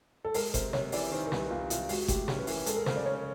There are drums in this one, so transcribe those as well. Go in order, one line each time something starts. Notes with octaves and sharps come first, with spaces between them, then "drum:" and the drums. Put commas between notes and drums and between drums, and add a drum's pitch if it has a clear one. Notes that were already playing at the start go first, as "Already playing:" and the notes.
A4
G#3 A#4, drum: open hi-hat
C3 C5, drum: kick G1, hi-hat
C3 C#5, drum: snare
E3 D5, drum: open hi-hat
D#3 C5
A#4
C2 B4, drum: snare
C2 F4
C3 F4, drum: hi-hat
G#3 F#4, drum: open hi-hat
A2 G4, drum: kick G1, hi-hat
C#4 G#4, drum: snare
B4
E3 A#4, drum: open hi-hat
G#3 A4, drum: hi-hat
A#4
C#3 C5, drum: snare
D5
C#4 C#5